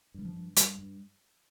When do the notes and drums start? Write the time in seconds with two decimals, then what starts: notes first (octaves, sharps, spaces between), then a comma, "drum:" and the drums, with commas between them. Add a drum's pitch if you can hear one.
0.14 G2 G3
0.25 F3
0.36 G2
0.56 G2 G3, drum: hi-hat
0.79 G2